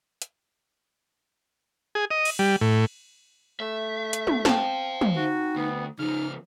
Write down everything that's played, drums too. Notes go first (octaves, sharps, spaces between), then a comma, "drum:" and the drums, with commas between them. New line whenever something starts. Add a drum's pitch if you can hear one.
drum: hi-hat
G#4
D#5
drum: cymbal
G3
A2
A3 E5
drum: hi-hat
drum: tom
C4 C5 F5 A5, drum: snare
drum: tom
D#4 F#4
D2 B3
C#3 F3 D#4 F6